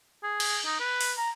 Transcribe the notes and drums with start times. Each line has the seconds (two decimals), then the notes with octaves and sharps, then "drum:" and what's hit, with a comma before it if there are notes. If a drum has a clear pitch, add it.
0.23 G#4
0.40 drum: cymbal
0.66 D#4
0.80 B4
1.01 drum: open hi-hat
1.18 A#5